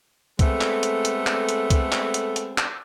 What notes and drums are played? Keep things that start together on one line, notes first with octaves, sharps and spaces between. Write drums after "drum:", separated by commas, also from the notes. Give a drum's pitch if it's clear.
G#3 A3 B3 C4 A4, drum: kick C2, hi-hat
drum: clap
drum: hi-hat
drum: hi-hat
drum: clap
drum: hi-hat
drum: kick C2, hi-hat
drum: clap
drum: hi-hat
drum: hi-hat
drum: clap